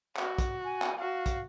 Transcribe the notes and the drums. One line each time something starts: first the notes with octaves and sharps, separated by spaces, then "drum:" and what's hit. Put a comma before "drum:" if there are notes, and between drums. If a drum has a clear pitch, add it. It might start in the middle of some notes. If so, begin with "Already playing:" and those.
F#4, drum: clap
drum: kick, hi-hat
G#5
drum: clap
F#4 F5
drum: kick, hi-hat